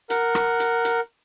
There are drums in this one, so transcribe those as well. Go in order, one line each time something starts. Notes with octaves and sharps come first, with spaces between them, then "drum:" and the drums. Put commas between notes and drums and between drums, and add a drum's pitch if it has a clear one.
A#4 F#5, drum: hi-hat
drum: rim click
drum: hi-hat
drum: hi-hat